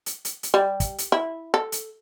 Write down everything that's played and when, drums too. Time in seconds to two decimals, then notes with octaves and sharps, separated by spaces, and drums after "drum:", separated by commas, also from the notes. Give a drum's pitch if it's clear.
0.06 drum: hi-hat
0.25 drum: hi-hat
0.43 drum: hi-hat
0.54 G3
0.80 drum: kick, hi-hat
0.98 drum: hi-hat
1.12 E4
1.54 A4
1.72 drum: hi-hat